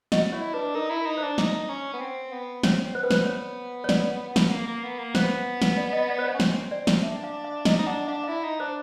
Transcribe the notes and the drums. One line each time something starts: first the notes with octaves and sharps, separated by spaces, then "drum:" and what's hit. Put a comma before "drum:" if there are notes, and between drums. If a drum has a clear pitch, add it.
F#4 D#5, drum: snare
E4 C#5
D4 B4
D#4 A#4
E4
D#4
D4 C5
D#4, drum: snare
C#4
B3
C4
B3
C4 C#5, drum: snare
B3 C5
B4
C5, drum: snare
C#5
C#5
D5, drum: snare
drum: snare
A#3
A#3
B3
A#3
B3 C5, drum: snare
drum: snare
D5
D#5
D5
C5
C#5
C#4
C4 C#5, drum: snare
D5
drum: snare
D4 E5
F5
F5
D#4 D#5, drum: snare
D#4
D4 F#5
D4 F5
F5
E4 E5
D#4
D4 C5